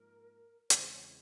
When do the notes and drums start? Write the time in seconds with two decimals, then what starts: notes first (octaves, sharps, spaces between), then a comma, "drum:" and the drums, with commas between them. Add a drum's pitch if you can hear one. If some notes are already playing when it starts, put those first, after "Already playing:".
Already playing: G#2 F3 A#3 A#4
0.70 E2 C#3 E3 G#3 C4 C5, drum: hi-hat
0.91 C#5